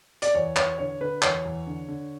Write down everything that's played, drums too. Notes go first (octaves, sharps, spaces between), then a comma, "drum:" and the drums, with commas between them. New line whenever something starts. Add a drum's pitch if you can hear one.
D5, drum: hi-hat
E2 C#5
E2 C#5, drum: clap
D3 C#5
D3 B4
E2 C#5, drum: clap
E2
D3
D3